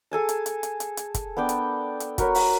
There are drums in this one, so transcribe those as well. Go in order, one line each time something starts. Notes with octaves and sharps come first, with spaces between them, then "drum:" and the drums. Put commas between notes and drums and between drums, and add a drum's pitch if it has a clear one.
G#4 A4 G#5 A5
drum: hi-hat
drum: hi-hat
drum: hi-hat
drum: hi-hat
drum: hi-hat
drum: kick, hi-hat
B3 D4 D5 G5
drum: hi-hat
drum: hi-hat
F#4 A#4 B4 C#5, drum: kick, hi-hat
drum: open hi-hat